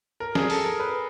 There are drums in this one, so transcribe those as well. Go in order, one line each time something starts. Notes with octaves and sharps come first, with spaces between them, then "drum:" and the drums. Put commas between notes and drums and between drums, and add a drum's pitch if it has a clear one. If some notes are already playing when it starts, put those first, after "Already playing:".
A#4
G#4, drum: snare
A4, drum: open hi-hat
A#4
B4